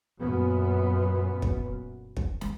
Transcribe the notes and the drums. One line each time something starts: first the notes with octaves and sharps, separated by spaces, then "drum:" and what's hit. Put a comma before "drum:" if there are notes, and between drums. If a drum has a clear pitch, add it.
F#2 A#2 B3
drum: kick
drum: kick
drum: snare